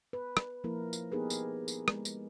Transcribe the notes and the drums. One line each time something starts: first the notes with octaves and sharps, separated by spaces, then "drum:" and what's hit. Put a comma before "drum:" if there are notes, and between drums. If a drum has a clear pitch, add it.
B4
drum: rim click
F3 A#3 E4 A#4
drum: tambourine
B3 D#4 G4 G#4 A#4 B4
drum: tambourine
drum: tambourine
G#3, drum: rim click
drum: tambourine